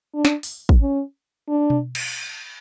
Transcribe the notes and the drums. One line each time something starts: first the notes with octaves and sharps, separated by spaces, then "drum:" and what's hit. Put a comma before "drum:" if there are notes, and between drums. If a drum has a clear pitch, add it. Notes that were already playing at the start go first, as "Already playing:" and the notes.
D4
drum: snare
drum: open hi-hat
drum: kick
C#4
D4
drum: tom B2
drum: cymbal